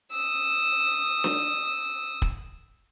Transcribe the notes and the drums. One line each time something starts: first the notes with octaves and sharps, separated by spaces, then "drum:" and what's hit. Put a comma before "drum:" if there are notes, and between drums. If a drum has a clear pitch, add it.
D#6 E6
drum: snare D4
drum: kick